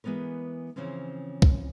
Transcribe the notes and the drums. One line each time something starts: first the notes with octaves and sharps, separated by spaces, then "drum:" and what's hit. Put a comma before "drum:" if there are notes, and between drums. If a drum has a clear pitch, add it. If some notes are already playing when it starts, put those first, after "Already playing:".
E3 G#3 B3 A#4 B4
C#3 E3 F3 C4 C#4
drum: kick